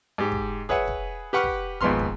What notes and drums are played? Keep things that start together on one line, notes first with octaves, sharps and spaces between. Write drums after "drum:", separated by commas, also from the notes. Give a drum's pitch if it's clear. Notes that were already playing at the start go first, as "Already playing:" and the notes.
G#2 G4
drum: kick
G#4 B4 C#5 E5 F#5, drum: kick
drum: kick
G4 B4 F#5 C#6 F6
drum: kick
D#2 G#2 F3 B3 C6 F6, drum: kick
drum: kick